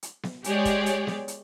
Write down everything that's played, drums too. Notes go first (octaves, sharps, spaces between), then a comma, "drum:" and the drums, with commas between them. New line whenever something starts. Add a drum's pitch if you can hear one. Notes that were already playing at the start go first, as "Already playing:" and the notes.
drum: hi-hat
drum: snare B3
G#3 G4 G#4 C#5 D5, drum: hi-hat
drum: kick, hi-hat
drum: hi-hat
drum: snare B3
drum: hi-hat